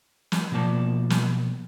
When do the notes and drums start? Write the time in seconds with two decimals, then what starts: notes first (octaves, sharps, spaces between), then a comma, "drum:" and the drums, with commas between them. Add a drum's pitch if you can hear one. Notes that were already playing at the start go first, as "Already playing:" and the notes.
0.32 drum: snare
0.51 B2 F3 A#3 D5 A5
1.10 drum: snare